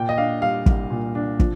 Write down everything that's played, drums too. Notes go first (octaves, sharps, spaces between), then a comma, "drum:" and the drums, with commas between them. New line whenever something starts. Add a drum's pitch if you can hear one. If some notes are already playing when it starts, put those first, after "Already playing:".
Already playing: A#2 G5
D#5
D4 F5
G3 F5
C2, drum: kick
A#2
D4
F3, drum: kick